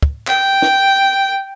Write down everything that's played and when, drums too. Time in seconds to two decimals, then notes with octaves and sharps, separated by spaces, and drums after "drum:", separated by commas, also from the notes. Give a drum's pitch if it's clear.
0.02 drum: kick
0.27 G5, drum: clap
0.62 drum: snare